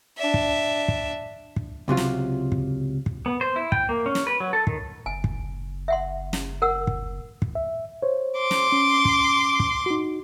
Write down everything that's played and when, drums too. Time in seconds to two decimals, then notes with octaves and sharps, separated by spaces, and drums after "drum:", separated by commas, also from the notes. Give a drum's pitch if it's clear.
0.18 D4 E5
0.34 drum: kick
0.88 drum: kick
1.56 drum: kick
1.88 C#2 C3 F#3 F4
1.97 drum: snare
2.52 drum: kick
3.06 drum: kick
3.26 B3
3.41 C5
3.56 E4
3.72 G5, drum: kick
3.89 A#3
4.06 C#4
4.15 drum: snare
4.27 B4
4.40 F#3
4.53 A4
4.67 D#3, drum: kick
5.06 F#1 G#5
5.24 drum: kick
5.88 E5 F#5 C6
6.33 drum: snare
6.62 A#4 F#5 E6
6.87 drum: kick
7.42 drum: kick
7.55 E5
8.02 C5 C#5
8.39 C6 D6
8.51 drum: snare
8.72 C#4
9.05 drum: kick
9.60 drum: kick
9.86 D#4 F#4